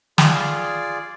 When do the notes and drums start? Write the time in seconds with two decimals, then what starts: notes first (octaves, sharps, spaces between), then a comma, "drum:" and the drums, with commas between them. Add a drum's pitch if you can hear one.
0.18 F4 G#4 D5, drum: snare